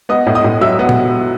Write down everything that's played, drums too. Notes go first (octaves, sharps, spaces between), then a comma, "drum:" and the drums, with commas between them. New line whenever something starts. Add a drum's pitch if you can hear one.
B3 D#5 D#6
A2
D#5 D#6
A2
F#3 E5 E6
B3
drum: tom A#2